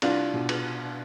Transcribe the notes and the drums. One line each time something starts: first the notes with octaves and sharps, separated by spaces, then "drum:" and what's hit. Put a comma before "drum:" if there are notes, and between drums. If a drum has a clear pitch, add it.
C2 D4 F4, drum: cymbal
B2
drum: cymbal